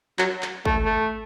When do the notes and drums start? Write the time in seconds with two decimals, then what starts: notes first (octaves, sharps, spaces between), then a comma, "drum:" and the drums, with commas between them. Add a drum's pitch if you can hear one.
0.19 F#3, drum: clap
0.42 drum: clap
0.65 A3, drum: kick
0.85 A3